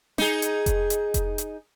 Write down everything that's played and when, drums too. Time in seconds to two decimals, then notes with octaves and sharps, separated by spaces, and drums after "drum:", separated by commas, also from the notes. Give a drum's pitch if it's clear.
0.18 D#4 G#4, drum: snare
0.42 drum: hi-hat
0.66 drum: kick F1, hi-hat
0.90 drum: hi-hat
1.14 drum: kick F1, hi-hat
1.38 drum: hi-hat